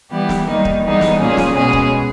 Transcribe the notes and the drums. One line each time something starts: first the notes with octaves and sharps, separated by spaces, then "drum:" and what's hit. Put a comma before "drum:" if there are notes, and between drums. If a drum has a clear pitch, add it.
E3 G3 B3 G4
drum: snare
D#3 G3 A#3 D#4
drum: kick
E3 G3 B3 D#4 G#4
drum: snare
A#2 A#3 C#4 G#4
drum: snare
B2 G#3 C#4 G#4
drum: kick